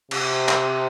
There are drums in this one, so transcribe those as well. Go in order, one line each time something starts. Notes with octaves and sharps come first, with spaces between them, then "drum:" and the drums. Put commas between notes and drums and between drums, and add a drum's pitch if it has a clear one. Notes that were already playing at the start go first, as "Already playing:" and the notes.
C3, drum: cymbal
drum: clap